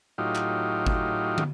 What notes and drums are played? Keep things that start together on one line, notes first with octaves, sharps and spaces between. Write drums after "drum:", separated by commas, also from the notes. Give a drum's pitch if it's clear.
A2 F#3 D#4 F4 G4
drum: clap
drum: kick G1
drum: tom